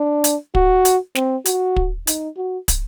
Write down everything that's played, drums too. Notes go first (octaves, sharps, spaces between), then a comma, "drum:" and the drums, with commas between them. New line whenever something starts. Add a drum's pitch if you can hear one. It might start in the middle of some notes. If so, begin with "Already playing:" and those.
Already playing: D4
drum: hi-hat
F#4, drum: kick
drum: hi-hat
C4, drum: snare
F#4, drum: hi-hat
drum: kick
D#4, drum: hi-hat
F#4
drum: kick, hi-hat